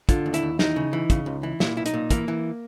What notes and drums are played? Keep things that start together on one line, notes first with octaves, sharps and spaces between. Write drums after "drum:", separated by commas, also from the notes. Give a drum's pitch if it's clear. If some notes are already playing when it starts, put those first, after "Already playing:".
D3 F4, drum: kick, hi-hat
D#2
E4, drum: hi-hat
D#2
E3 D#4, drum: snare
C#3
E3
C#3, drum: kick, hi-hat
C#2
E3
A#2 E4, drum: snare
B1 E4
D#4, drum: hi-hat
A#2
E3 A#3, drum: kick, hi-hat
E3